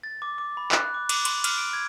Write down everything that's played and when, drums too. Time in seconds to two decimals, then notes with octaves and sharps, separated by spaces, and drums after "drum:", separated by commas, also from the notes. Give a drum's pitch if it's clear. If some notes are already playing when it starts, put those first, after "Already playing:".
0.03 A6
0.22 D6
0.38 D6
0.57 B5
0.72 F#6, drum: clap
0.94 D6
1.09 D6, drum: cymbal
1.25 C6, drum: cymbal
1.44 F6, drum: cymbal
1.58 D7
1.73 G#6